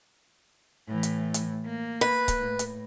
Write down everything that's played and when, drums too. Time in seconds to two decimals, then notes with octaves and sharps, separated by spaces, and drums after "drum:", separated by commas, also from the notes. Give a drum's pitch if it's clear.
0.88 A2 E3
1.03 drum: hi-hat
1.34 drum: hi-hat
1.65 A#3
2.01 B4
2.28 drum: kick C#1, hi-hat
2.39 A2
2.59 drum: hi-hat